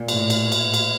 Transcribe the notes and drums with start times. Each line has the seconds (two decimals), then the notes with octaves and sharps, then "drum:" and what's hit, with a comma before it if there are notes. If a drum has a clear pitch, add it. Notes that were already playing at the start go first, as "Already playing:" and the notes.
Already playing: A#2
0.08 A2, drum: cymbal
0.30 drum: cymbal
0.52 drum: cymbal
0.74 drum: cymbal